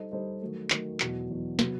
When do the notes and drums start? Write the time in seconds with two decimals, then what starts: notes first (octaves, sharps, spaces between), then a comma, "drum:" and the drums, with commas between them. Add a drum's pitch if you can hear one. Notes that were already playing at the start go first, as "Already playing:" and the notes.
Already playing: G3 D#4 A4 C5 D#5
0.12 G3 D#4 A4 C5 D#5
0.42 D#3 F#3 A3
0.70 D#3 F#3 A3, drum: clap
1.00 E2 B2 F#3, drum: clap
1.30 E2 B2 F#3
1.59 C3 F#3 B3, drum: snare